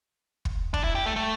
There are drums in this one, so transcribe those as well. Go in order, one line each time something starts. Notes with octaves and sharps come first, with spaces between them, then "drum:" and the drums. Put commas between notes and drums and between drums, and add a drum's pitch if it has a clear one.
drum: kick
D4, drum: kick
E4
G4
A3
A3